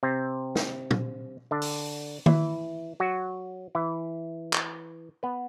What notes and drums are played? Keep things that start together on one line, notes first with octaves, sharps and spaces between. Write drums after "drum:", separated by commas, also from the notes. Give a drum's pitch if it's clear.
C3 C4
drum: snare
drum: tom
D3 D4
drum: open hi-hat
E3 E4, drum: tom D#3
F#3 F#4
E3 E4
drum: clap
B3 B4